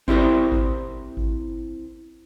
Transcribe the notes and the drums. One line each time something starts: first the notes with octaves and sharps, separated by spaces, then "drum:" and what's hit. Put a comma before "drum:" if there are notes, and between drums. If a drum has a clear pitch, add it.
C4 E4 G4 A#4 C5, drum: kick G#1
drum: kick G#1
drum: kick G#1